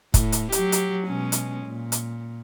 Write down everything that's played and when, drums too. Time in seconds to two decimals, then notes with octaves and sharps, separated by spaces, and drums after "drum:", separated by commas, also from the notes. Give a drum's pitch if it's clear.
0.14 A2, drum: kick, hi-hat
0.32 drum: hi-hat
0.52 F#3 G4, drum: hi-hat
0.72 drum: hi-hat
1.08 B2 G#3 C#4
1.32 drum: hi-hat
1.66 A#2
1.92 drum: hi-hat